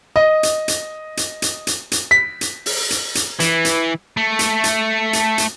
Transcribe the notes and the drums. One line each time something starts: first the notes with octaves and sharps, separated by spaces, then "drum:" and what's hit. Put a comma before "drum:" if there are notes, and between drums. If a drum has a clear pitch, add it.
D#5
drum: hi-hat
drum: hi-hat
drum: hi-hat
drum: hi-hat
drum: hi-hat
drum: hi-hat
B6
drum: hi-hat
drum: open hi-hat
drum: hi-hat
drum: hi-hat
E3, drum: hi-hat
drum: hi-hat
A3
drum: hi-hat
drum: hi-hat
drum: hi-hat
drum: hi-hat